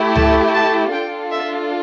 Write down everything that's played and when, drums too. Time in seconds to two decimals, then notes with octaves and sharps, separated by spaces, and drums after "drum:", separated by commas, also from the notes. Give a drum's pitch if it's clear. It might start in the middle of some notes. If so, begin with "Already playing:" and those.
Already playing: A3 E4 G4
0.16 A5, drum: tom C#2
0.54 A5
0.92 D4 F4 A4 G5
1.31 E5